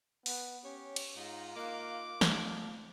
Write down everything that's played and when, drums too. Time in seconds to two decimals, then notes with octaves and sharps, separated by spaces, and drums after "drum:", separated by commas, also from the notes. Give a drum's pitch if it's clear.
0.26 B3, drum: open hi-hat
0.65 C#4 G4 C#5
0.96 drum: cymbal
1.16 G#2 D#4 F4
1.56 A#3 D#4 F#5 D6
2.21 D2 D3 F3, drum: snare